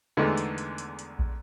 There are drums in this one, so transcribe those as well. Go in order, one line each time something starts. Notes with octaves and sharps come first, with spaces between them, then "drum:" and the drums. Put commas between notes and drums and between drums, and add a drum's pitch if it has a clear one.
E2 D3 D#3 G#3 A3 B3
drum: hi-hat
drum: hi-hat
drum: hi-hat
drum: hi-hat
drum: kick